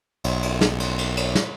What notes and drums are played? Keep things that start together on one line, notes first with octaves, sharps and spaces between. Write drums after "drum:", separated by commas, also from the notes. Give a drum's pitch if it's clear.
B1, drum: cymbal
drum: cymbal
drum: snare
drum: cymbal
drum: cymbal
drum: cymbal
drum: snare